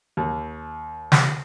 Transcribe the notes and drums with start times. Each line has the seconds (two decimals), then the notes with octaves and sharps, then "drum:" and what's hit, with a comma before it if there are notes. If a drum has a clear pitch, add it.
0.17 D#2
1.12 drum: snare